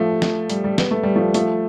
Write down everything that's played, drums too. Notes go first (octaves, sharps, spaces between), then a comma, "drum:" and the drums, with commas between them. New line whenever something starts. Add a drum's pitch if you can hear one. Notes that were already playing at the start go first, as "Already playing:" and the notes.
Already playing: F3 A3
drum: snare
G3, drum: hi-hat
G3
B3, drum: snare
A3
G3
F3 A3
F3 A3, drum: hi-hat